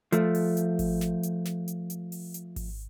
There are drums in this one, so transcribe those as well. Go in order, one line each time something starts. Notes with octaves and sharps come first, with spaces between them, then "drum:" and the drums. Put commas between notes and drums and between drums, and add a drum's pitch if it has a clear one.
F3 A3, drum: hi-hat
drum: open hi-hat
drum: hi-hat
drum: kick G#1, open hi-hat
drum: snare
drum: hi-hat
drum: snare
drum: hi-hat
drum: hi-hat
drum: open hi-hat
drum: hi-hat
drum: kick G#1, open hi-hat